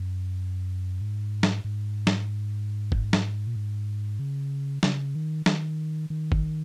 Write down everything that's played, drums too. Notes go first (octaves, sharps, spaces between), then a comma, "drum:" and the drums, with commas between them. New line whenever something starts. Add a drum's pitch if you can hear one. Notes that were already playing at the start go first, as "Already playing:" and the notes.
Already playing: F#2
G#2
drum: snare
G#2
drum: snare
drum: kick
drum: snare
A#2
G#2
C#3
C#3, drum: snare
D#3
D#3, drum: snare
D#3
drum: kick